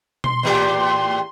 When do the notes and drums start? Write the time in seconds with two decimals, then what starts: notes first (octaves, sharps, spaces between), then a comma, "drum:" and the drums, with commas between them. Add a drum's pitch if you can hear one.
0.24 C6, drum: tom B2
0.43 E2 A2 G4